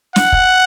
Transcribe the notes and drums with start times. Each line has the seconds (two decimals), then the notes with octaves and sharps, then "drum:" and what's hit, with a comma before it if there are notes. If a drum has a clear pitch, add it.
0.16 F#5, drum: snare
0.32 drum: kick